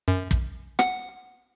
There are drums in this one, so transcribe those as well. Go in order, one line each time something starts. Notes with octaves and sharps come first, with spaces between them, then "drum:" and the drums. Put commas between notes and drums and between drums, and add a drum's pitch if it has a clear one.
F#2
drum: kick
F#5, drum: rim click